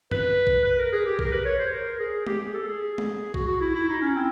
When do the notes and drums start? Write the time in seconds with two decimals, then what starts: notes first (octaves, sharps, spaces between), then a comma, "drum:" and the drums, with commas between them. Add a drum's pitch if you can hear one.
0.11 B4, drum: tom F#2
0.47 drum: kick A#1
0.64 B4
0.78 A#4
0.92 G#4
1.06 G4
1.19 A#4, drum: kick A#1
1.32 B4
1.45 C#5
1.59 C5
1.72 A#4
1.99 G#4
2.27 G4, drum: tom G#3
2.40 G#4
2.54 A4
2.67 G#4
2.98 drum: tom G#3
3.34 F#4, drum: kick A#1
3.48 F#4
3.61 E4
3.75 E4
3.89 D#4
4.01 C#4
4.15 C4